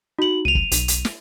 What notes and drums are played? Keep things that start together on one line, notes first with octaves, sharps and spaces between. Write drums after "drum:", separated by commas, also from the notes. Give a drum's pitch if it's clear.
D#4 F#4 F#7
C#2 D#7 F7
drum: kick
B1, drum: hi-hat
drum: hi-hat
drum: snare